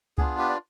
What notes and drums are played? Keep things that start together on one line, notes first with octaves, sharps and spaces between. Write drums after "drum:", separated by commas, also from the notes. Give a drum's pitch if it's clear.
B3 D4 F4 G#4, drum: kick C#2
G4 B4
D5